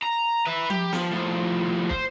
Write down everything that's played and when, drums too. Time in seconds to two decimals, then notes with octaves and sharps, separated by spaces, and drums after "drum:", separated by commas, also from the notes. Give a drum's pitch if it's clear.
0.03 A#5
0.46 B4 E5
0.70 G4, drum: tom F3
0.93 F3, drum: snare
1.11 A2 F3
1.90 C5, drum: kick